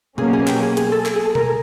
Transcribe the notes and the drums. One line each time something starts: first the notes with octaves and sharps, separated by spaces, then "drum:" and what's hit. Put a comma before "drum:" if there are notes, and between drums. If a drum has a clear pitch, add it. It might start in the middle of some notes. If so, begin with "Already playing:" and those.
B2 F#3 A#3 C#4 G#4, drum: tom B2
G#4
G4, drum: clap
G#4
G#4, drum: hi-hat
A4
G#4, drum: clap
G#4
A4
A#4, drum: tom B2